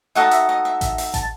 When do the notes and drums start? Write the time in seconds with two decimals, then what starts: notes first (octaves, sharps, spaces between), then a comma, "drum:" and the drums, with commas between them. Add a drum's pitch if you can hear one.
0.15 D#4 F#4 A4 D#5 F#5
0.31 E5, drum: hi-hat
0.49 D#5
0.65 E5
0.81 E5, drum: kick A1, hi-hat
0.98 E5, drum: open hi-hat
1.14 A5, drum: kick A1, hi-hat